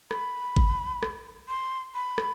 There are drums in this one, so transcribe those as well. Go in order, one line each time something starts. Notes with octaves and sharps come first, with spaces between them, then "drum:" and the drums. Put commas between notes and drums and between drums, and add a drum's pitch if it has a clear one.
B5, drum: rim click
drum: kick G#1
drum: rim click
C6
B5
drum: rim click